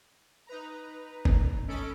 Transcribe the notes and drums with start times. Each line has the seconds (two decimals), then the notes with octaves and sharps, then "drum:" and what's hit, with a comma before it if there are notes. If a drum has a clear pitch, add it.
0.47 D#4 B4 A#5
1.25 drum: kick
1.67 C#4 A4 D#5 B5 D7